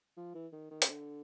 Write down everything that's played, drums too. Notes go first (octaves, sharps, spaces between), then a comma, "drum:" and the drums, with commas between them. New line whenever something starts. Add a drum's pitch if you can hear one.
F3
E3
D#3
D#3
C#3, drum: hi-hat
D3